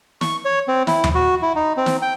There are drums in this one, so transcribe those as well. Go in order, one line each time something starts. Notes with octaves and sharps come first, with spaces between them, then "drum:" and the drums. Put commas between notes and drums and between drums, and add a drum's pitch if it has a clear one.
C#6, drum: snare
C#5
C4
E4, drum: snare
drum: tom D#2
F#4
E4
D#4
C4
drum: snare
G5